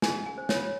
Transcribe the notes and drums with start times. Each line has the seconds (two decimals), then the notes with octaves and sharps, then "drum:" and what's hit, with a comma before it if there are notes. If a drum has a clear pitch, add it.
0.02 G#4 G#5, drum: snare
0.20 C#4
0.26 G#5
0.38 C5
0.49 C#5, drum: snare
0.54 F4